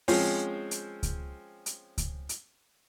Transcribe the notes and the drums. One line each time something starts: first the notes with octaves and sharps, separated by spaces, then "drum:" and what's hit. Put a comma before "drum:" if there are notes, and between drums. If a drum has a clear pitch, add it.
F3 G#3 C4 C#4 C5, drum: open hi-hat
drum: hi-hat
drum: kick C#2, hi-hat
drum: hi-hat
drum: kick C#2, hi-hat
drum: hi-hat